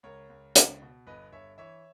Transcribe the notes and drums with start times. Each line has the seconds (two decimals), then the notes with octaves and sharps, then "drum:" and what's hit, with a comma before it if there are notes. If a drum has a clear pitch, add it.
0.03 C#2 A#4 C#5
0.30 C#2
0.55 C#2, drum: hi-hat
0.82 B2
1.07 G1 B4 D#5
1.32 G1 C#5 E5
1.58 E3 C#5 E5